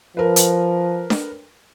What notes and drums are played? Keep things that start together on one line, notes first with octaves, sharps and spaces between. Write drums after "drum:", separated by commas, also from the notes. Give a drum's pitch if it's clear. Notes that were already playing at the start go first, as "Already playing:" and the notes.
F3 A#4 B4
drum: hi-hat
drum: snare D4